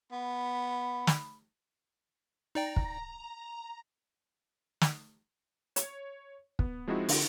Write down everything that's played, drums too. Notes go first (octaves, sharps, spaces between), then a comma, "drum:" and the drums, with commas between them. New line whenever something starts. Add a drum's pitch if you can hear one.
B3 B5
drum: snare
D#4 D5 G5 A#5
drum: kick
drum: snare
C#5, drum: hi-hat
B3, drum: kick
F3 G#3 C4 D#4 E4 F#4
D3, drum: open hi-hat